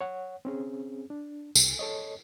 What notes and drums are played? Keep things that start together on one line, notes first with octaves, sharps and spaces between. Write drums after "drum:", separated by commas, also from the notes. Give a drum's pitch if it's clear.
C#5 F#5
C4 C#4 G#4
D4
C2, drum: tambourine
A4 C#5 D#5